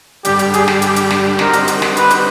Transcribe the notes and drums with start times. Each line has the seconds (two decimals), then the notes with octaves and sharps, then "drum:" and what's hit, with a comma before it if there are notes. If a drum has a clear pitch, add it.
0.25 G2 D3 G3 G4, drum: hi-hat
0.39 drum: hi-hat
0.54 G#4, drum: hi-hat
0.68 drum: snare
0.82 G4, drum: hi-hat
0.96 drum: hi-hat
1.10 drum: snare
1.39 D3 G3 C4 D#4 F#4 A#4, drum: snare
1.53 drum: hi-hat
1.68 drum: hi-hat
1.82 drum: snare
1.97 B4, drum: hi-hat
2.10 drum: hi-hat